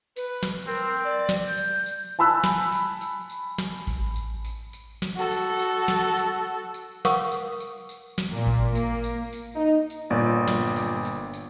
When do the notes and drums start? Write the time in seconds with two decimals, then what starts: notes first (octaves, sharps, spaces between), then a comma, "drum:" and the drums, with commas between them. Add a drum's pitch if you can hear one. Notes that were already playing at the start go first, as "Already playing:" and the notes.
0.16 B4, drum: tambourine
0.43 drum: snare
0.67 C4 A#4
1.04 D5
1.29 drum: snare
1.47 G6
1.57 drum: tambourine
1.86 drum: tambourine
2.19 G#5 A5 B5 E6 F#6
2.44 drum: snare
2.72 drum: tambourine
3.01 drum: tambourine
3.30 drum: tambourine
3.58 drum: snare
3.87 drum: kick A1, tambourine
4.16 drum: tambourine
4.45 drum: tambourine
4.73 drum: tambourine
5.02 drum: snare
5.16 F#4 A4
5.31 drum: tambourine
5.59 drum: tambourine
5.88 drum: snare
6.17 drum: tambourine
6.74 drum: tambourine
7.05 A#4 F5 F#5 C#6 D#6, drum: snare
7.32 drum: tambourine
7.60 drum: tambourine
7.89 drum: tambourine
8.18 drum: snare
8.30 A#2
8.47 drum: kick A1
8.75 A#3, drum: tambourine
9.04 drum: tambourine
9.33 drum: tambourine
9.55 D#4
9.90 drum: tambourine
10.10 G1 A#2 D5
10.48 drum: snare
10.76 drum: tambourine
11.05 drum: tambourine
11.34 drum: tambourine